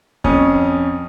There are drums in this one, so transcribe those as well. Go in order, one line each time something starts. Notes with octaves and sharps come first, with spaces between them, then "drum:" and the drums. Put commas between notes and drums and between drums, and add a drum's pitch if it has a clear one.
F2 C#4 D#6, drum: kick